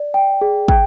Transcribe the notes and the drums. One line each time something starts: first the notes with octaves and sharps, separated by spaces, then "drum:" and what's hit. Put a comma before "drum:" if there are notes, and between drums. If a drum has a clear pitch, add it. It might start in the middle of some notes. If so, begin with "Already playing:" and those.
Already playing: D5
G5
G#4
G5, drum: kick